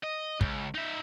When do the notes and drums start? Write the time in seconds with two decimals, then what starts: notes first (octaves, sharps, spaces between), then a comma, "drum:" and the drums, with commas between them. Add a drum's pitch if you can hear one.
0.04 D#5
0.41 C#2, drum: kick
0.74 D#4 E5